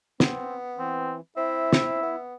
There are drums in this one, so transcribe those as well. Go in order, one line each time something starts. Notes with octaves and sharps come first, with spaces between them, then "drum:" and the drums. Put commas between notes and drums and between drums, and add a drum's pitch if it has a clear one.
B3 C4, drum: snare
E3 C4
C4 E4 E5
drum: snare
B3